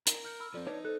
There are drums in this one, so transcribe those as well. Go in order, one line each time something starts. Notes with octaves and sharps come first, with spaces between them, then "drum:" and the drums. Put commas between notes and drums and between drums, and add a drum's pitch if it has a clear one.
A#4, drum: hi-hat
F6 G6 C#7
B5 E6 F6
F3 C4 A4 D5
D4 D#4 B4 C#5 D5
A4 C5 F#6